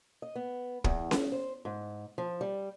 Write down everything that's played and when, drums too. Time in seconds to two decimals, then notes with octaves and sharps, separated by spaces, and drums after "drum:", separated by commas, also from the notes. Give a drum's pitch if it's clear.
0.22 D#5
0.35 B3
0.84 E2, drum: kick
1.11 drum: snare C#4
1.32 C5
1.65 G#2
2.18 F3
2.41 G3